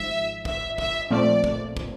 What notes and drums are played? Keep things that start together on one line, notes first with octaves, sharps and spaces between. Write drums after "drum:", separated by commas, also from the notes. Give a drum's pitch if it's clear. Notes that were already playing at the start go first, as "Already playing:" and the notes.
Already playing: G#1 G#2 F3 E5
E5, drum: kick
E5, drum: kick
A#1 A#2 F3 A3 C4 D5
drum: kick
drum: kick